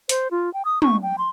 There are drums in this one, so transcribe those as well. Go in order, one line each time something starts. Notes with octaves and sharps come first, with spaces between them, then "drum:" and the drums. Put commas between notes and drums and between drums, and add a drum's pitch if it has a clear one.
C5, drum: hi-hat
F4
G5
D#6
C#6, drum: tom
G5
C6